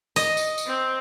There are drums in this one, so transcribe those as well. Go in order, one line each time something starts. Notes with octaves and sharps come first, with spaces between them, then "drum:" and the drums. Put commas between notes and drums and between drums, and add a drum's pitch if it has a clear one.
D#5, drum: tambourine
drum: tambourine
drum: tambourine
C4